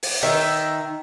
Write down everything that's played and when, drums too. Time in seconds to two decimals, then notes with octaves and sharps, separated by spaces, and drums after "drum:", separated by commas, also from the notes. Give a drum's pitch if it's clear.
0.03 drum: open hi-hat
0.23 D#3 E5